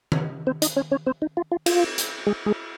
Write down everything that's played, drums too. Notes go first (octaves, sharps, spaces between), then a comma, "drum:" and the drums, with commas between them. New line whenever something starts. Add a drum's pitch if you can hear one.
drum: tom D#3
C4 C5
D#4 D#5, drum: hi-hat
C#4 C#5
C#4 C#5
C4 C5
D#4
F4
F4
F4, drum: cymbal
drum: hi-hat
G#3 G#4
G#3 G#4